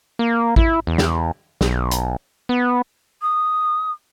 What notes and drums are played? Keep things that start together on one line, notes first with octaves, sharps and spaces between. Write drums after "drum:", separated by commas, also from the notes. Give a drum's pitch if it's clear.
A#3
E4, drum: kick A1
E2
drum: snare
B1, drum: snare
drum: hi-hat
B3
D#6